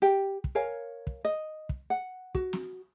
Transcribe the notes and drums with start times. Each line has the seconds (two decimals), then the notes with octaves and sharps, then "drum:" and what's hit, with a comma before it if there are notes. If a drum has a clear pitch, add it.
0.02 G4 G5
0.44 drum: kick
0.55 A#4 C#5 F5 G#5
1.07 drum: kick
1.25 D#5
1.69 drum: kick
1.90 F#5
2.35 F#4, drum: kick
2.53 drum: snare